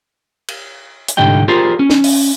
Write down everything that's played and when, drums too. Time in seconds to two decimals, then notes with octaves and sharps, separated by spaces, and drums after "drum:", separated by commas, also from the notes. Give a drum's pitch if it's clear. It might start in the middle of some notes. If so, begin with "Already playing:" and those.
0.48 drum: cymbal
1.08 drum: hi-hat
1.17 C2 G#2 D3 G4 D#5 G5
1.48 F4 G4 G#4 A#4 C5 D5
1.79 C#4
1.90 drum: snare
2.04 drum: open hi-hat